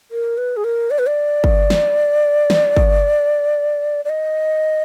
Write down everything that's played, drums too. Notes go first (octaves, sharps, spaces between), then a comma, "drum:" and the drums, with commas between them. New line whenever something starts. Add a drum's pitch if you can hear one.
A#4
B4
G#4
A#4
D5
B4
D5
drum: kick G1
drum: snare
drum: snare
drum: kick G1
D5
D#5